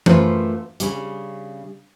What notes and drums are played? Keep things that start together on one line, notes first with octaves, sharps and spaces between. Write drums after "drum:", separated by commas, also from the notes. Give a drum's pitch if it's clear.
F#2 A3 F4 B4 C5, drum: tom E3
C#3 G3, drum: hi-hat